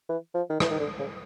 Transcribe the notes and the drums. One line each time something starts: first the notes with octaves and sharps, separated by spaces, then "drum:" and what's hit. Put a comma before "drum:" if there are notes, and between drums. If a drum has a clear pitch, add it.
E3
F3
D#3
E3, drum: rim click
D#3
D3
C#3